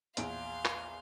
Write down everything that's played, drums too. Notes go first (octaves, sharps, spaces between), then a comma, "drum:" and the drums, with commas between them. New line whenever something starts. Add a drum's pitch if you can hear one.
A#1 E2 F5 C6 D7, drum: hi-hat
drum: clap